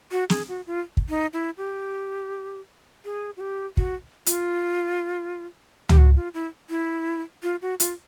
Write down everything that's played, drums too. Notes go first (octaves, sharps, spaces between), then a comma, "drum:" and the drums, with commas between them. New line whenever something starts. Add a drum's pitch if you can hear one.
F#4
G#4, drum: snare
F#4
F4
drum: kick
D#4
E4
G4
G#4
F#4
G4
F#4, drum: kick
F4, drum: hi-hat
G4, drum: tom C#2
F#4
F4
E4
E4
F4
F#4
F4, drum: hi-hat